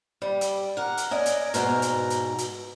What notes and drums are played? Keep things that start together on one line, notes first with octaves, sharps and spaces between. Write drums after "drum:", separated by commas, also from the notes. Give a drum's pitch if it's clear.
G3
drum: hi-hat
A#4 F#5
drum: hi-hat
C#4 A#4 D5 D#5
drum: hi-hat
G#2 B2 A#4, drum: hi-hat
drum: hi-hat
drum: hi-hat
drum: hi-hat